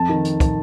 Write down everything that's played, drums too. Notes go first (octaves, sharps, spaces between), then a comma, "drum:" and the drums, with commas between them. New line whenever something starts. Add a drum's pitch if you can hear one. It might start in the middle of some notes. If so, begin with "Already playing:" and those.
Already playing: F2 A5
D#3
drum: hi-hat
drum: kick, hi-hat